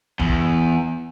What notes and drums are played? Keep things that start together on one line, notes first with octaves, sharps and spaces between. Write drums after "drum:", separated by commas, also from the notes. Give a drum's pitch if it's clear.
E2, drum: kick